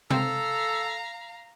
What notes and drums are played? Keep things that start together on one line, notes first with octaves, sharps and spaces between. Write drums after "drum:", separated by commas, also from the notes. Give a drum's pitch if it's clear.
C4 A4 F5 A#5, drum: tom C3